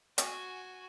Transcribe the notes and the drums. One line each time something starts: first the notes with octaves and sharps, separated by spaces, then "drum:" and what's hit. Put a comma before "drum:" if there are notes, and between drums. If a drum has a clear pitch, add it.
F#4 G#5, drum: hi-hat